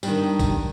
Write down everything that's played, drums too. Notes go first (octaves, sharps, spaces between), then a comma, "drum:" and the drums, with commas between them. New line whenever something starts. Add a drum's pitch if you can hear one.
G2 D#3 G3, drum: tambourine
drum: kick A#1, tambourine